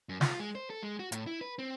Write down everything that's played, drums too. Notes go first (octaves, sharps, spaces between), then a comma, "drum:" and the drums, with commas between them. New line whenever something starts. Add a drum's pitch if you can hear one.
F#2
F4, drum: snare
G#3
C5
A4
G#3
F#4
A2, drum: hi-hat
E4
B4
C4